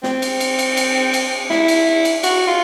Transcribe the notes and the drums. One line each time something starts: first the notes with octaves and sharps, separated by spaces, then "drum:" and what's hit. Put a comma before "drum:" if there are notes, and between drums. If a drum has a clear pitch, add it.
C4, drum: snare
drum: cymbal
drum: cymbal
drum: cymbal
drum: cymbal
drum: cymbal
E4, drum: snare
drum: cymbal
drum: cymbal
F#4, drum: cymbal
F4